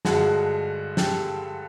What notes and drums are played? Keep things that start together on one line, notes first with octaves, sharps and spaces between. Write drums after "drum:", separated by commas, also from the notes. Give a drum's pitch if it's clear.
G2 D3 F3 G#3 F#4 G#4, drum: snare
G4 A4, drum: snare